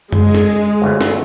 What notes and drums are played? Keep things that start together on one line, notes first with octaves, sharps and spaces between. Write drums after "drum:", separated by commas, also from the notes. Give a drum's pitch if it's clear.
G#3, drum: tom F#2
drum: snare
G1 D2
drum: snare